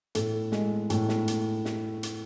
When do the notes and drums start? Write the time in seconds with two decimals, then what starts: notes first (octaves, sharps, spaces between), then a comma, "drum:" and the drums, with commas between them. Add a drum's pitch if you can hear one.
0.15 A2 A4, drum: hi-hat
0.52 G#3, drum: snare
0.90 A2, drum: hi-hat
1.09 drum: snare
1.28 drum: hi-hat
1.65 drum: snare
2.03 drum: hi-hat